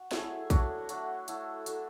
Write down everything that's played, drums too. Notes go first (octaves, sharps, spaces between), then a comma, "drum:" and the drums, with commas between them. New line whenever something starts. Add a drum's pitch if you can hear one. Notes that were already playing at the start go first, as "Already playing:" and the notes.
Already playing: F#4
F#3 A3 E4 G#4, drum: snare
F#3 A3 D4 F#4, drum: kick, hi-hat
F#3 A3 D4 F#4, drum: hi-hat
F#3 A3 E4 A4, drum: hi-hat
F#3 A3 E4 A4, drum: hi-hat